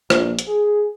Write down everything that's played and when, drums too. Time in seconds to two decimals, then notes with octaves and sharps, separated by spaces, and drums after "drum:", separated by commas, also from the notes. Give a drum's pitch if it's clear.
0.10 A#1, drum: rim click
0.39 drum: hi-hat
0.48 G#4